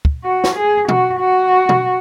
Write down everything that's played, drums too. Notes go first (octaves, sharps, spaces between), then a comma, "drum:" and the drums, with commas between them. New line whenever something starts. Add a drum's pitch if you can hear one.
drum: kick
F#4
drum: snare
G#4
F#4, drum: tom B2
F#4
drum: tom B2